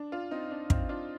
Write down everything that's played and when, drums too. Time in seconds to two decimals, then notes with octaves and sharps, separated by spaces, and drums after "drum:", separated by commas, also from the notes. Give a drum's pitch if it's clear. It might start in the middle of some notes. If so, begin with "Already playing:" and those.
Already playing: D4
0.12 D4 F4
0.31 C4 D#4
0.51 D4
0.70 C4 D#4, drum: kick
0.89 D4 F4